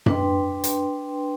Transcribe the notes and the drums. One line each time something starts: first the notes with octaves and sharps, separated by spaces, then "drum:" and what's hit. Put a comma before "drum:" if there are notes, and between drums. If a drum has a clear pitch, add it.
D4 B4 G5 C6, drum: tom F#2
drum: hi-hat